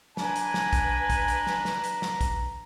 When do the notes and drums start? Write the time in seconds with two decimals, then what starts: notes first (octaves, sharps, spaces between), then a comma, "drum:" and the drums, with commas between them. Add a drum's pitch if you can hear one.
0.17 D4 B4 G#5 A#5, drum: snare
0.36 drum: hi-hat
0.54 drum: snare
0.73 drum: kick, hi-hat
1.10 drum: kick, hi-hat
1.28 drum: hi-hat
1.47 drum: snare
1.65 drum: snare
1.84 drum: hi-hat
2.02 drum: snare
2.21 drum: kick, hi-hat